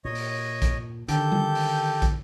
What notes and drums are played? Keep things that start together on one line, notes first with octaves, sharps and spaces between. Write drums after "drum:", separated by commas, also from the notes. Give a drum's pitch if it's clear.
A#2 C#5 D#5
drum: open hi-hat
drum: kick, hi-hat
D3 D#3 G4 A4 G6, drum: hi-hat
drum: tom G3
drum: open hi-hat
drum: kick, hi-hat